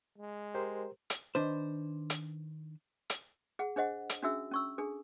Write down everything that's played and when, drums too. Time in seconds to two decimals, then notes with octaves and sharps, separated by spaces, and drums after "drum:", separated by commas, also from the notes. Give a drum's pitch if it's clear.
0.18 G#3
0.54 G4 A#4 C5
1.10 drum: hi-hat
1.35 D#3 D4 B4 C5
2.10 drum: hi-hat
3.10 drum: hi-hat
3.59 G#4 F#5
3.76 D4 G#4 C5 D#5 F#5
4.10 drum: hi-hat
4.22 C#4 D4 F#4 G#4 E5 E6
4.51 C#4 C#6 E6
4.78 D4 G#4 A4